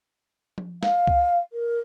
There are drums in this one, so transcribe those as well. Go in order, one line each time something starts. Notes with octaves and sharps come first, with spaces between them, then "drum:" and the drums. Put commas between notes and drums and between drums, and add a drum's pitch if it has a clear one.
drum: tom F3
F5, drum: snare
drum: kick C2
A#4